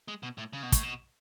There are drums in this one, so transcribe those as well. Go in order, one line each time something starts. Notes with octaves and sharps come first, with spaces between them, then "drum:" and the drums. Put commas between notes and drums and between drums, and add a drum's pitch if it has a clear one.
G#3
B2
A2
C#3
B2
A2, drum: kick, hi-hat
B2